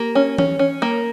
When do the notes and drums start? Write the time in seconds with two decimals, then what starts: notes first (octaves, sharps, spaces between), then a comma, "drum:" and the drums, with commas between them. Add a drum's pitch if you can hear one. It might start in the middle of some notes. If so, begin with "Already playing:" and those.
Already playing: A#3 G4
0.15 C#4
0.38 C#4, drum: tom E3
0.59 C#4
0.82 A#3